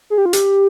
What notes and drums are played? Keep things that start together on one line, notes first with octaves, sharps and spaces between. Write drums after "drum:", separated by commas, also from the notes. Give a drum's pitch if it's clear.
G#4
G4
F4
G4, drum: hi-hat